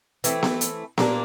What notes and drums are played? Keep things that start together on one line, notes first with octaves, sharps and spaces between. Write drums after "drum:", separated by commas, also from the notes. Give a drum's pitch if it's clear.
E3 A3 C4, drum: hi-hat
drum: snare B3
drum: hi-hat
A#2 G3 A#3 D4, drum: snare B3